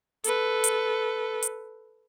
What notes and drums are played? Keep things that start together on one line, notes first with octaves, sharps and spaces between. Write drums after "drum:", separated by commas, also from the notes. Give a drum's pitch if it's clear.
A4 B4, drum: hi-hat
drum: hi-hat
drum: hi-hat